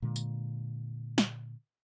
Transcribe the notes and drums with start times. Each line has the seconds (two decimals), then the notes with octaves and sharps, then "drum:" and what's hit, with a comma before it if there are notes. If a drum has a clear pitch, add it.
0.02 A#2 D3 G#3
0.16 drum: tambourine
1.18 drum: snare